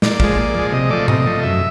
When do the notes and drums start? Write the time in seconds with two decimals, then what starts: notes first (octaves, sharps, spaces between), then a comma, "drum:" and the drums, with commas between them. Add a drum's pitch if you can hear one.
0.02 A#2 D5, drum: snare
0.20 F3 G#3, drum: kick
0.37 A#2
0.55 F3 G#3
0.73 C3 D#5
0.90 F3 A3 D5
1.08 C3 D#5, drum: tom G#2
1.26 F3 A3
1.43 F#2 E5